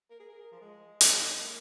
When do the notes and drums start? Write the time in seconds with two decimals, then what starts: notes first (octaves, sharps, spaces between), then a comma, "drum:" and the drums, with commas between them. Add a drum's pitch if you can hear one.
0.10 A#4
0.20 G#4
0.29 A#4
0.52 F3
0.61 G#3
1.01 G#3, drum: hi-hat
1.40 A#3